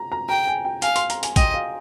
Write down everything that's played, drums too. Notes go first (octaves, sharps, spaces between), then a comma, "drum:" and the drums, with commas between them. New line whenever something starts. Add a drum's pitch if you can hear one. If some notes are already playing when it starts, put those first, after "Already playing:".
Already playing: A#5
A#5
G5 A#5
G#5
G5
F5 G#5, drum: hi-hat
C6, drum: hi-hat
A#5, drum: hi-hat
G#5, drum: hi-hat
D#5 G5, drum: kick, hi-hat
F5